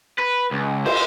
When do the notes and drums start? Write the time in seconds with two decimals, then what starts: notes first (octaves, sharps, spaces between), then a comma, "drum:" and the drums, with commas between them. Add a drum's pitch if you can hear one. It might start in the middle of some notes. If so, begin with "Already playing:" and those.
0.18 B4
0.51 C#2
0.86 C5, drum: cymbal